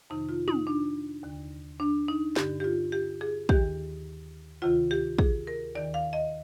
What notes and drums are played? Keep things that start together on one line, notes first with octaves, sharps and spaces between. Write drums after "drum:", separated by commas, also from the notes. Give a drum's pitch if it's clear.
F2 C3 D#3 D#4
F4
D#4, drum: tom
D4
D#2 D3
D4
D#4
G2 D3 G4, drum: snare
G4
F4
G4
G#4
D#2 D#3 G4, drum: kick
D2 C3 D#3 F4
G4
G#4, drum: kick
A#4
D#2 D#3 D5
F5
D#5